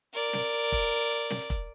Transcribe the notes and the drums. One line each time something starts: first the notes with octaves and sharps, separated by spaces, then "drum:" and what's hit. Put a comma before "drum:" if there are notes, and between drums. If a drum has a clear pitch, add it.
A#4 D5
drum: snare
drum: kick, hi-hat
drum: hi-hat
drum: snare
drum: kick, hi-hat